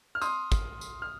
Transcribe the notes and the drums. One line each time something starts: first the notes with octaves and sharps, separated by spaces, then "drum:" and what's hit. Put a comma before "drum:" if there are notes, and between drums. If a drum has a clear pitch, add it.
F6
C6 D#6, drum: tambourine
drum: kick, tambourine
drum: tambourine
F6